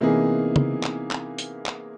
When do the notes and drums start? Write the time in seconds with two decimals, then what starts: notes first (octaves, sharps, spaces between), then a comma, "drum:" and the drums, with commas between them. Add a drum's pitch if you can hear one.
0.01 C3 E3 A#3 B3 D#4 G#4
0.56 drum: tom C#3
0.83 drum: clap
1.11 drum: clap
1.38 drum: hi-hat
1.66 drum: clap